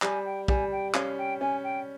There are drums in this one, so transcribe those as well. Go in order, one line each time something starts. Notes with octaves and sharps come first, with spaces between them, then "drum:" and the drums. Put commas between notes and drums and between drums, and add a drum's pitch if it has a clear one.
G3 G#5, drum: clap
G5
G3 G#5, drum: kick
G5
C#4 F5, drum: clap
G5
C#4 G#5
G5